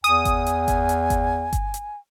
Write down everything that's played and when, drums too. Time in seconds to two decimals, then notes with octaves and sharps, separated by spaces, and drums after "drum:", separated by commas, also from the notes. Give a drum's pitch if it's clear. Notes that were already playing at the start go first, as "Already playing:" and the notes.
0.04 E2 G#5 D#6, drum: hi-hat
0.25 drum: kick G1, hi-hat
0.46 drum: hi-hat
0.68 drum: kick G1, hi-hat
0.89 drum: hi-hat
1.10 drum: kick G1, hi-hat
1.53 drum: kick G1, hi-hat
1.74 drum: hi-hat